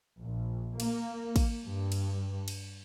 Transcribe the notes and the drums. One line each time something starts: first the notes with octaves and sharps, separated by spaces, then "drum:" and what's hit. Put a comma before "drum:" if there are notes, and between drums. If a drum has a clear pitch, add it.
A#1
A#3, drum: cymbal
drum: kick, cymbal
G2
drum: cymbal
drum: cymbal